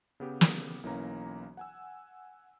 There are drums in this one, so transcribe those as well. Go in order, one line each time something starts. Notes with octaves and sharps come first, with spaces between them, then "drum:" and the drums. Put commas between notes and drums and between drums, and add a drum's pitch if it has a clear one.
C#3 B3 G4
drum: snare
B1 E3 A#3 C#4 A#5
F#5 G#5 E6